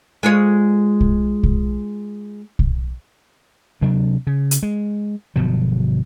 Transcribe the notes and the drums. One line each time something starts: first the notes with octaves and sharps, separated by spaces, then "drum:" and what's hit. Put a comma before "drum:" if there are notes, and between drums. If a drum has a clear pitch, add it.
G#3 F4 C#5
drum: kick B1
drum: kick B1
drum: kick B1
D2 C3 F#3 D4
C#3
drum: hi-hat
G#3
G1 B2 F3 F#3